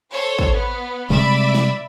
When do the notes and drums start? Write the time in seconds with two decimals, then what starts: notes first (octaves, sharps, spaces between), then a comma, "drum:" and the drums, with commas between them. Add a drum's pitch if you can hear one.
0.11 A4 C5 C#5
0.39 drum: kick
0.52 B3
1.10 C3 G3 G#3 D5 E5 B5
1.55 drum: snare